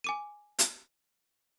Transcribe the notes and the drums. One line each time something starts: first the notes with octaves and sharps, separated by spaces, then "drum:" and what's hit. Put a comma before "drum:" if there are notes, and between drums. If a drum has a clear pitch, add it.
G#5 D6 D#7
drum: hi-hat